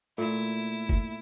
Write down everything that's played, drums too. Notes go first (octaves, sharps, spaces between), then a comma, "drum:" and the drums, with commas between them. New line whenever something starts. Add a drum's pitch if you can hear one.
A#2 A3 E4
drum: kick